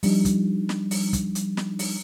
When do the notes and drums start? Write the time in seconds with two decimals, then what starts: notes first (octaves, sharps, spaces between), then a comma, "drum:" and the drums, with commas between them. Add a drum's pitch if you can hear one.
0.03 F3 G3 D4 D#4, drum: open hi-hat
0.25 drum: kick, hi-hat
0.69 drum: snare
0.91 drum: open hi-hat
1.13 drum: kick, hi-hat
1.35 drum: hi-hat
1.57 drum: snare
1.79 drum: open hi-hat